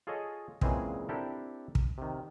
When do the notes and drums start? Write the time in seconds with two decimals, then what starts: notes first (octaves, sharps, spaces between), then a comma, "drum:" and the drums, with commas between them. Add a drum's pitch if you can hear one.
0.07 F4 G#4 A4 C#5 D#5
0.61 A#2 C#3 E3 G#3 C4 G#4, drum: kick
1.09 C4 D4 E4 G4 A4 A#4
1.75 drum: kick
1.98 C3 D#3